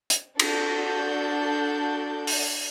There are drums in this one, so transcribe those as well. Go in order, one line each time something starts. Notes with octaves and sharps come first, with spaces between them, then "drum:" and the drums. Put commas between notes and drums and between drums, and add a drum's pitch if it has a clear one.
drum: hi-hat
D4 F#4 A4 G6, drum: cymbal
drum: open hi-hat